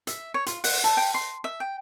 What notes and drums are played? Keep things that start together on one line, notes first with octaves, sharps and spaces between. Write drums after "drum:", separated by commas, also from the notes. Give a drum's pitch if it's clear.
E5, drum: hi-hat
C#5
F4, drum: hi-hat
F#5, drum: open hi-hat
A4, drum: hi-hat
G5
C6
E5
G5